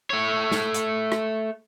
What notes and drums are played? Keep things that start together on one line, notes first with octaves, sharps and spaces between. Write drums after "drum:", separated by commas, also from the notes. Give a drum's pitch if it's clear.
A3 C#5
drum: snare
drum: hi-hat
drum: rim click